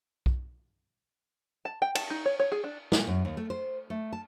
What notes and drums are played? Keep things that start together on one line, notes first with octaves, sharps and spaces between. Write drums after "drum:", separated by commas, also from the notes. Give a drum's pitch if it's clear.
drum: kick B1
A5
G5
A5, drum: cymbal
D#4
C#5
C#5
G#4
D4
A#2, drum: snare
F#2
D#2
A3
C5
A3
A5